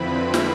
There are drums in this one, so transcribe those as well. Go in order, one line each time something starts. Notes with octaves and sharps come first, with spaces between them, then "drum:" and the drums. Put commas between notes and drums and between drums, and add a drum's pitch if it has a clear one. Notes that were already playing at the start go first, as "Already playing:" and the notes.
Already playing: F2 D3 F3 C4 E4 B4 B5
drum: snare